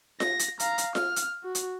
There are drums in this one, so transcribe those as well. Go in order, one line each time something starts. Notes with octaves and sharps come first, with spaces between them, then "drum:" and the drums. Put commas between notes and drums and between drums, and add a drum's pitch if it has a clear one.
A#6, drum: snare F4
drum: hi-hat
F5 A#5, drum: hi-hat
drum: hi-hat
F6, drum: snare F4
drum: hi-hat
F#4
drum: hi-hat